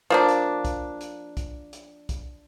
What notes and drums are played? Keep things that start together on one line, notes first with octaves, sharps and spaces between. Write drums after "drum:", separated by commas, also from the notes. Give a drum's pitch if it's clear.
F3 A#3 D4
drum: hi-hat
drum: kick B1, hi-hat
drum: hi-hat
drum: kick B1, hi-hat
drum: hi-hat
drum: kick B1, hi-hat